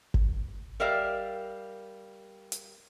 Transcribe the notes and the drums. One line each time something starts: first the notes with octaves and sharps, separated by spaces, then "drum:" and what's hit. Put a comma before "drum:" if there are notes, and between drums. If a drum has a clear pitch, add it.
drum: kick G1
G3 A#4 D5 E5 F5
drum: hi-hat